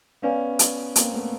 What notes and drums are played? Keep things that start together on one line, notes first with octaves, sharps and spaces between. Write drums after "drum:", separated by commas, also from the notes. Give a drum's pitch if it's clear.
B3 C#4 B4 D5 F5 G#5
drum: hi-hat
A#3 C4, drum: hi-hat
A3 B3